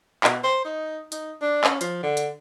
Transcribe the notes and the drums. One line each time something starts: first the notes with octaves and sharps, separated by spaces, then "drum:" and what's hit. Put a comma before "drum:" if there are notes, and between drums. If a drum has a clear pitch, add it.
B2, drum: clap
C5
D#4
D#4, drum: hi-hat
D4
C#4, drum: clap
F3, drum: hi-hat
D3
drum: hi-hat